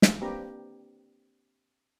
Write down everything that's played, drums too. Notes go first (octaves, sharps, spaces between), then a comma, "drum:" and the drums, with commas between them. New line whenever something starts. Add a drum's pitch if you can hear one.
drum: snare
A#3 C4 D4 G4 B4 A#5